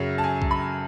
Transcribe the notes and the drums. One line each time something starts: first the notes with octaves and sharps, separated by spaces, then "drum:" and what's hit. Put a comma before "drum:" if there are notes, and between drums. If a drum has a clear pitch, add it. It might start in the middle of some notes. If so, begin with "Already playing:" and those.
Already playing: F#2 C#3 F#3 E5
A5
G#5
drum: kick B1
B5